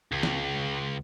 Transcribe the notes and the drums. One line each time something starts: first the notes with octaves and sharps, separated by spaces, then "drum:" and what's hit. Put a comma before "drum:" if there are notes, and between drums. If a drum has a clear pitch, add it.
C#2
drum: snare